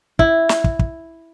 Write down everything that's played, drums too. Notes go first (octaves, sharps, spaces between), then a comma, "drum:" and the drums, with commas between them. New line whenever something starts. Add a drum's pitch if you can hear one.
E4, drum: kick
drum: snare
drum: kick
drum: kick